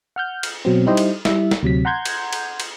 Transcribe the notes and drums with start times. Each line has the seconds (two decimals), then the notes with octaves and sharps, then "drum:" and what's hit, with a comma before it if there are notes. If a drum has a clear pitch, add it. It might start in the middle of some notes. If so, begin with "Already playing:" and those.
0.16 F#5 F6 G6
0.43 drum: cymbal
0.65 B2 F#3 C4
0.86 G3 D#4 E4 G4 C5 D#5
0.97 drum: cymbal
1.25 G3 E4 E5, drum: snare
1.51 drum: snare
1.63 D2 C3 F#3 B6
1.85 F#5 A#5 C6 G6 G#6
2.05 drum: cymbal
2.33 drum: cymbal
2.60 drum: cymbal